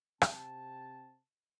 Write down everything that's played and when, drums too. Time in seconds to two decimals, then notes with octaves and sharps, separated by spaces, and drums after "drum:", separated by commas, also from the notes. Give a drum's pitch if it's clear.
0.22 C3 C4 G5 A5, drum: rim click